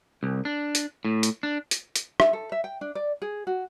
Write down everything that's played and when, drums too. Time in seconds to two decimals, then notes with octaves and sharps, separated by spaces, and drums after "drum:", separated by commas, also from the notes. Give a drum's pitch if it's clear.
0.23 C2
0.45 D4
0.75 drum: hi-hat
1.05 A2
1.23 drum: hi-hat
1.43 D4
1.71 drum: hi-hat
1.96 drum: hi-hat
2.20 E5, drum: rim click
2.33 A4
2.52 E5
2.64 G5
2.81 D4
2.95 D5
3.22 G#4
3.47 F#4